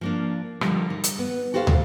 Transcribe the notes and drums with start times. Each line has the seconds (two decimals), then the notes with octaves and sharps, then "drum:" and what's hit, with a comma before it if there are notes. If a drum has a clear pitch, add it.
0.01 F3 A#3 D4
0.61 D3 D#3 F3 G3 C4, drum: rim click
0.90 D#4
1.04 drum: hi-hat
1.19 B3
1.54 F#4 G4 A4 C5 C#5 F5
1.67 drum: tom